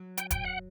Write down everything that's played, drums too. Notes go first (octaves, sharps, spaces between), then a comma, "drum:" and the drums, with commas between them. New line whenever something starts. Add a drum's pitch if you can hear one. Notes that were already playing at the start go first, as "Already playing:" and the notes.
Already playing: F#3
G5, drum: hi-hat
G5, drum: kick, hi-hat
F#5